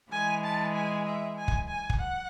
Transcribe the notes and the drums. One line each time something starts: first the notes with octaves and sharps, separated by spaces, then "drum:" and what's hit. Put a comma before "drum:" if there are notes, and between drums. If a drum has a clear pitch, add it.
E3 G#3 G#5
A5
G#5
E5
G#5
drum: kick
G#5
drum: kick
F#5